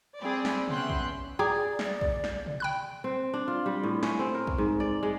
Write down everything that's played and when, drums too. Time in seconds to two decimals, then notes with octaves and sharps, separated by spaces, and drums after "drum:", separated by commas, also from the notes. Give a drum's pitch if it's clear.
0.18 G3 C4 G#4 D5 B5
0.45 drum: snare
0.68 B3 C#4 E5 G5 C6 F#6, drum: tom
0.90 drum: kick
1.39 G#4 D5 G5 A#5 D6
1.79 drum: snare
2.01 drum: kick
2.24 drum: snare
2.46 drum: tom
2.60 G5 B5 F#6
3.04 C4
3.34 D4
3.48 F4
3.66 G3
3.83 A2
4.03 C#4, drum: snare
4.19 C4
4.35 A#4
4.47 drum: kick
4.58 G#2
4.80 D5
5.03 G#3